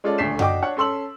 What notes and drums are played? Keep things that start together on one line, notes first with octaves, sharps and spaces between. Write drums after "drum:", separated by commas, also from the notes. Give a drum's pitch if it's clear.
G#3 C#4 F4 A4 D5
D#1 D2 A3 B6 C7 E7
D4 F#4 D#5 G5 D6, drum: tom F#2
D4 C#5 F#5
C#4 A4 C6 E6 F#7